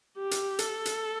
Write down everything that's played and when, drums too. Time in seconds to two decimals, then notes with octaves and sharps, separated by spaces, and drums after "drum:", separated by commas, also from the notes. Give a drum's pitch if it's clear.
0.17 G4
0.31 drum: hi-hat
0.59 A4, drum: hi-hat
0.85 drum: hi-hat